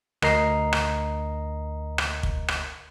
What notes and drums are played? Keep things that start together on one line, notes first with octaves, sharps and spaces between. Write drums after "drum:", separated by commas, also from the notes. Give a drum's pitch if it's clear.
D2 A#4 D#5 A#5 C7, drum: rim click
drum: rim click
drum: rim click
drum: kick
drum: rim click